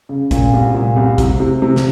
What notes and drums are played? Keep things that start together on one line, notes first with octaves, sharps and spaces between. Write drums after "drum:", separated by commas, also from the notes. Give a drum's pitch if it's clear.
C#3
A#2, drum: kick A1, hi-hat
C2
A#2
C2
C3, drum: kick A1, hi-hat
C3
C3
drum: snare